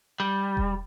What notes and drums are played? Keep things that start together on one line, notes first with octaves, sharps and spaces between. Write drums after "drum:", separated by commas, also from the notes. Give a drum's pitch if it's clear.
G3
drum: kick E1